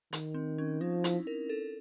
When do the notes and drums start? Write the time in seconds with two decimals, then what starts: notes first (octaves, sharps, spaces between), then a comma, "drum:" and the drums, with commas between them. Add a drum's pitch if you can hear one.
0.13 D#3, drum: hi-hat
0.34 C4
0.58 C#4
0.81 F3 D#4
1.04 E4, drum: hi-hat
1.27 A#4
1.49 A4